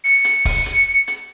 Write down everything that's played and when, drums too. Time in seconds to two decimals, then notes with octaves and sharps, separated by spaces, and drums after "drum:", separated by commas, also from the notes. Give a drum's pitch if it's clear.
0.04 C#7
0.25 drum: hi-hat
0.45 drum: kick, open hi-hat
0.66 drum: hi-hat
1.08 drum: hi-hat